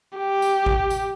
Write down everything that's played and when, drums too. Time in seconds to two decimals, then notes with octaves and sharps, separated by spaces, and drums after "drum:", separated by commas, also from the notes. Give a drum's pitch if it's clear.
0.18 G4
0.42 drum: tambourine
0.66 drum: kick G#1
0.90 drum: tambourine